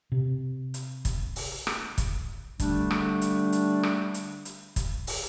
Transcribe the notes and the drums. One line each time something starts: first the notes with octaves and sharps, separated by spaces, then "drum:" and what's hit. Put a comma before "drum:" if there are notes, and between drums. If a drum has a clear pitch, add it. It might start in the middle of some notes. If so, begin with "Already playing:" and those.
C3
drum: hi-hat
drum: kick, hi-hat
drum: open hi-hat
drum: rim click
drum: kick, hi-hat
D3 G3 A3 D4, drum: kick, hi-hat
drum: rim click
drum: hi-hat
drum: hi-hat
drum: rim click
drum: hi-hat
drum: hi-hat
drum: kick, hi-hat
drum: open hi-hat